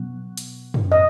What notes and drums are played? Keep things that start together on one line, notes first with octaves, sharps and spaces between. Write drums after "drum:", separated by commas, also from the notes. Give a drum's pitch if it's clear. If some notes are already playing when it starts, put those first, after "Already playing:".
Already playing: B2 F#3 B3
drum: hi-hat
drum: tom
D#5